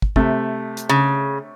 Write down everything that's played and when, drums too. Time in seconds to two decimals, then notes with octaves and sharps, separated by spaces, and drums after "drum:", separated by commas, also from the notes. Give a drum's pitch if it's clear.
0.02 drum: kick
0.16 C3 A3, drum: kick
0.77 drum: hi-hat
0.89 C#3